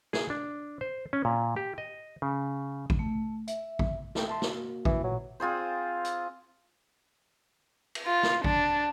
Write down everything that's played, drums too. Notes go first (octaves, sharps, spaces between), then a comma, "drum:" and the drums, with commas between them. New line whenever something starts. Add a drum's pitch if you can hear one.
G#4, drum: snare
D4
C5
C#4
A#2
G4
D#5
C#3
drum: kick A1
A3
E5, drum: hi-hat
drum: kick A1
A3 A4 G5, drum: snare
E5 A5 C6
A#3 F#4, drum: snare
E3, drum: kick A1
A#2 F#3
C4 F4 G#4 C5
drum: hi-hat
drum: cymbal
F4
drum: snare
D4, drum: kick A1